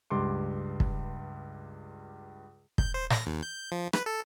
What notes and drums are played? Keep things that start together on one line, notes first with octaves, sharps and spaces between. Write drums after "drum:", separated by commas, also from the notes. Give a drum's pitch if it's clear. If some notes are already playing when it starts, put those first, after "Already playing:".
C#2 G2 C6 D6
drum: kick
G6, drum: kick
C5
A#6, drum: snare
D#2
G6
F3
B4, drum: rim click
A4